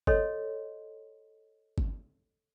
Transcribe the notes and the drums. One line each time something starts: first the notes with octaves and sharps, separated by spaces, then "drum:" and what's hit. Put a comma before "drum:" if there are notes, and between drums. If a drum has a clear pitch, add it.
A4 C#5 D#5 C6, drum: kick G1
drum: kick G1